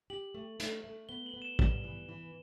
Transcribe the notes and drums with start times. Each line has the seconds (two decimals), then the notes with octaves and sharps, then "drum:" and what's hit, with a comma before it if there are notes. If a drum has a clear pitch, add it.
0.10 G4 F#7
0.34 A3
0.60 A3, drum: hi-hat
0.84 A3
1.09 B3 G7
1.26 F#7
1.34 B3
1.42 E7
1.59 G3, drum: kick
1.84 E3
2.09 E3